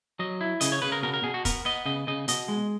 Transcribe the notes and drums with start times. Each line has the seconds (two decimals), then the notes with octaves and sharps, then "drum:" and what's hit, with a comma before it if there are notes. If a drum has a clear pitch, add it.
0.19 F#3 D#5
0.41 E4
0.61 C#3 D#5, drum: hi-hat
0.72 C#5
0.82 C#3 B4
0.92 A#4
1.03 B2 A#4
1.14 A#4
1.23 B2 G#4
1.34 F#4
1.45 B3 A#4, drum: kick, hi-hat
1.65 B3 D#5
1.85 C#3 D#5
2.07 C#3 D#5
2.28 B2 D#5, drum: hi-hat
2.48 G#3